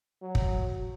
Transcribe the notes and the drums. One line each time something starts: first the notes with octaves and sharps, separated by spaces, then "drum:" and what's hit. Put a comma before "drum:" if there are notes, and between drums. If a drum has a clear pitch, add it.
F#3
drum: kick